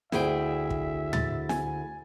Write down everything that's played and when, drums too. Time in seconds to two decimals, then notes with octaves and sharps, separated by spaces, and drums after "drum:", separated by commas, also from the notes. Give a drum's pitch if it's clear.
0.12 D2 E4 G#4 E5 G5, drum: snare
0.70 drum: kick
1.13 A6, drum: tom
1.49 G#5, drum: snare